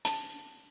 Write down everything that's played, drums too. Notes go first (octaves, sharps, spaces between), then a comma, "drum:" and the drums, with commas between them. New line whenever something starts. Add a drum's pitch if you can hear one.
A5, drum: hi-hat